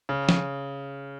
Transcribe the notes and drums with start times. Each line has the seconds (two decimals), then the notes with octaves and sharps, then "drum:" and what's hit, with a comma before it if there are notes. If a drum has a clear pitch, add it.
0.09 C#3
0.29 drum: snare